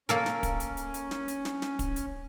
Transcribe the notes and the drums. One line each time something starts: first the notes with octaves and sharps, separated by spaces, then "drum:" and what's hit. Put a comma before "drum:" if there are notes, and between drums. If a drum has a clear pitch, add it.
A#3 C#4 A4 A#4, drum: snare
drum: snare
drum: kick, hi-hat
drum: hi-hat
drum: hi-hat
drum: hi-hat
drum: snare
drum: hi-hat
drum: snare
drum: snare
drum: kick, hi-hat
drum: hi-hat